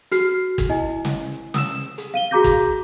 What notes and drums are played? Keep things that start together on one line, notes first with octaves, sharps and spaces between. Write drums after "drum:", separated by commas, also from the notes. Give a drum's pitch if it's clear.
F#4 F6 C7, drum: hi-hat
drum: kick G1, hi-hat
E4 D#5 G#5
drum: snare
D#6 E6 E7, drum: snare
drum: hi-hat
F5 D#7 G7
F#4 G#4 A#5 D6 G6 A#6
drum: kick G1, hi-hat